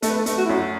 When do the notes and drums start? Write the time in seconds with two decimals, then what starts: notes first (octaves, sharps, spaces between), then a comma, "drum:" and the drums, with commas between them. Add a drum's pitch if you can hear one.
0.02 A3 A4, drum: hi-hat
0.10 B4
0.17 A4
0.26 A3, drum: hi-hat
0.37 F#4
0.45 E4
0.49 F#2 F#4